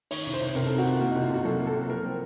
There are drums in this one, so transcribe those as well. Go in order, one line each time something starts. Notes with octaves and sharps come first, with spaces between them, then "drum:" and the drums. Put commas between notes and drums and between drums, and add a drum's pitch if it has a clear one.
D#3 C#5, drum: open hi-hat
C2
C5
C2
C3 A#4
D#3 A4
F#4
C2 F4
A#3 F#4
C3 D#4
F4
C3 F#4
F#3 A4
A#3
A4
C3
F3 A#4
C4